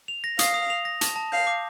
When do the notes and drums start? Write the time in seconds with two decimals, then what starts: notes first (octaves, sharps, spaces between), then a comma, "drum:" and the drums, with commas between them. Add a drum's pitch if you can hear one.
0.08 F7
0.24 A#6
0.39 F5 D#6, drum: hi-hat
0.54 D#6
0.70 F7
0.85 A#6
1.01 A5, drum: hi-hat
1.16 A5
1.32 F5 G6
1.47 D6